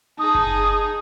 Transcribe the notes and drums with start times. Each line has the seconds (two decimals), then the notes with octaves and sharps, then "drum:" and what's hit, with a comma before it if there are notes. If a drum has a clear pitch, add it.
0.19 D#4 G#4 A5 D#6
0.35 drum: kick F#1